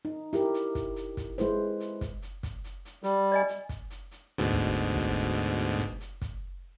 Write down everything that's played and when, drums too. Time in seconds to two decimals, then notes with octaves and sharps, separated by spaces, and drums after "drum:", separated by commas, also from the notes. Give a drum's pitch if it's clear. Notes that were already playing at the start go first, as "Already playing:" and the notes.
0.05 D#4
0.33 E4 G4 A#4, drum: hi-hat
0.54 drum: hi-hat
0.75 drum: kick, hi-hat
0.96 drum: hi-hat
1.17 drum: kick, hi-hat
1.38 G#3 E4 B4 C5, drum: hi-hat
1.80 drum: hi-hat
2.01 drum: kick, hi-hat
2.22 drum: hi-hat
2.43 drum: kick, hi-hat
2.64 drum: hi-hat
2.85 drum: hi-hat
3.03 G3, drum: hi-hat
3.32 D5 D#5 G#5
3.48 drum: hi-hat
3.69 drum: kick, hi-hat
3.90 drum: hi-hat
4.11 drum: hi-hat
4.38 D2 G#2 B2
4.53 drum: kick, hi-hat
4.74 drum: hi-hat
4.95 drum: kick, hi-hat
5.16 drum: hi-hat
5.37 drum: hi-hat
5.58 drum: hi-hat
5.79 drum: kick, hi-hat
6.00 drum: hi-hat
6.21 drum: kick, hi-hat